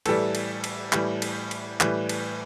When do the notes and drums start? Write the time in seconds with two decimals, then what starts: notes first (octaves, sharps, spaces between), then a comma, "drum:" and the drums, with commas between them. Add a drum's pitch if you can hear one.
0.06 A2 E3 G3 A4, drum: cymbal
0.35 drum: cymbal
0.64 drum: cymbal
0.93 A2 E3 G3, drum: clap
1.22 drum: cymbal
1.51 drum: cymbal
1.80 A2 E3 G3 B4, drum: clap
2.09 drum: cymbal